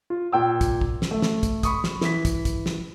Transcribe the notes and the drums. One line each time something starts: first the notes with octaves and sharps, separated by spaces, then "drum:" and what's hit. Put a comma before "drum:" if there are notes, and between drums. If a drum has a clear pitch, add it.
F4
A#2 G5 E6
drum: kick, hi-hat
drum: kick
drum: snare
A3
drum: snare
drum: kick, hi-hat
B5 C#6 D#6, drum: kick, hi-hat
drum: snare
E3 B6, drum: snare
drum: kick, hi-hat
drum: kick, hi-hat
drum: snare